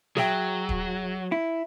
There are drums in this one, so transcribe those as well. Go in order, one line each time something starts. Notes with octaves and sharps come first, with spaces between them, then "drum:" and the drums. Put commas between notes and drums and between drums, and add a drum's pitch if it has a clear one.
F#3 G#4 E5 G5, drum: snare
drum: kick
E4